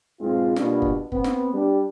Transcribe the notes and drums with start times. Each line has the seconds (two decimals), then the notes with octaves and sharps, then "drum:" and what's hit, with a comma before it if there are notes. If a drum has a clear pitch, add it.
0.20 B1 G#2 G#3 C4 F4
0.56 B2 G3 A#3 B3 D4 F4, drum: snare
0.82 drum: kick
1.12 B3 C4, drum: kick
1.24 drum: snare
1.53 G3 D4